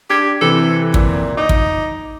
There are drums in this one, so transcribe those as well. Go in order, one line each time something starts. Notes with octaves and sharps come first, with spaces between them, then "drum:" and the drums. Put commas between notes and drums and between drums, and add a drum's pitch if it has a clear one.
D4 G4 G#6
C3 E3 C4 A4
A#2, drum: kick
D#4 D6
drum: kick